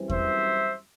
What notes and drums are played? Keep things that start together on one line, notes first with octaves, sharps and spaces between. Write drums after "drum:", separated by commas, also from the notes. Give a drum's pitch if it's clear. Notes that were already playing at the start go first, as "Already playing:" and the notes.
Already playing: F#2 E3 G3 C4
C5 E5, drum: kick E2